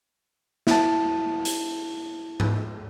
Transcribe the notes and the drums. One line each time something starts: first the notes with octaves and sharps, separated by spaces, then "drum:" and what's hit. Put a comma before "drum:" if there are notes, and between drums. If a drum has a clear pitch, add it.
E4 A5, drum: snare
drum: hi-hat
drum: tom G#2